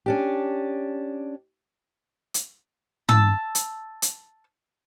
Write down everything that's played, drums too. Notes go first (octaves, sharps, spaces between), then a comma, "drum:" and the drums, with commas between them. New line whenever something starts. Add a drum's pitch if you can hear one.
C#4 D4 G4
drum: hi-hat
A5 E6, drum: tom
drum: hi-hat
drum: hi-hat